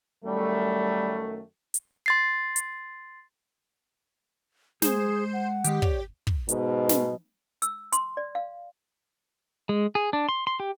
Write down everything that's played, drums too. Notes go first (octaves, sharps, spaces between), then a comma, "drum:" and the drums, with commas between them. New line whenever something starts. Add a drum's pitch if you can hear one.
F#2 D#3 G3 A3
drum: hi-hat
C6 A6 C7
drum: hi-hat
G#3 G#4 C5, drum: snare
F#5
D#3 G#3 G4, drum: hi-hat
C#5 D5, drum: kick
drum: kick
G#2 B2 D#5, drum: hi-hat
drum: snare
E6, drum: hi-hat
C6, drum: hi-hat
D5
F5
G#3
G#4
D4
C6
C6
G4